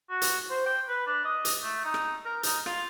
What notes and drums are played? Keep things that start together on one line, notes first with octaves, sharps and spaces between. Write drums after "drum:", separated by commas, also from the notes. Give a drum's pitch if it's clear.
F#4
drum: hi-hat
C5
G5
B4
D4
D#5
drum: hi-hat
A3
D#4
drum: rim click
A#4
D#4, drum: hi-hat
F4, drum: rim click